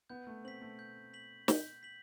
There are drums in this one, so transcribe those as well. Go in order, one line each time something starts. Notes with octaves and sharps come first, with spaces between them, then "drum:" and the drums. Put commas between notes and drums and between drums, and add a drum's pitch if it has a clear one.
B3 G6
A3
C4 B6 F#7
A3
G6
B6 F#7
G6, drum: snare
B6 F#7